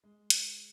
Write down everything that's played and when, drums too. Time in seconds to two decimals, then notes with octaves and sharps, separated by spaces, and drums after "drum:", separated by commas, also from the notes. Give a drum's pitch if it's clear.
0.04 G#3
0.30 drum: hi-hat